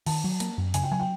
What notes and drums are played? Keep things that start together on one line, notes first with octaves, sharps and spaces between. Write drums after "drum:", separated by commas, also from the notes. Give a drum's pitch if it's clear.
D#3 A5, drum: open hi-hat
F#3
A#3, drum: hi-hat
F#2
C#3 G#5, drum: hi-hat
G5
F#3 G#5
G5